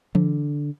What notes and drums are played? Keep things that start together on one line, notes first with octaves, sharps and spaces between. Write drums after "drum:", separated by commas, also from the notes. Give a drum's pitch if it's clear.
D3, drum: tom E3